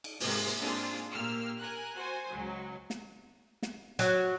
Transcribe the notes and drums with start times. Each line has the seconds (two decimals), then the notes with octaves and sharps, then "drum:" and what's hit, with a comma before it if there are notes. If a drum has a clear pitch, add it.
0.04 drum: cymbal
0.20 G#2 C3 G#3 A#3, drum: open hi-hat
0.58 G#3 A#3 C4 D4 F4 G#4
1.11 A#2 A#3 G4 E6 F6 C7
1.60 A#4 G#5 F#6
1.98 F#4 C5 G#5
2.29 C#2 F#3
2.90 drum: snare
3.62 drum: snare
3.99 F#3, drum: hi-hat